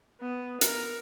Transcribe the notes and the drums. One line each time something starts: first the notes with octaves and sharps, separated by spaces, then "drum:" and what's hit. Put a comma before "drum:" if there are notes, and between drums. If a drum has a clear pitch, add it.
B3
A#4, drum: hi-hat